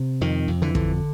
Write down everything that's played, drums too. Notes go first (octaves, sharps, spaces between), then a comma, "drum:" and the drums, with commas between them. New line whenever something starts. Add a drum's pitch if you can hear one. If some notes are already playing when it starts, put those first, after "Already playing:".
Already playing: C3
F2 D#3
F2
D3 E3
D3, drum: kick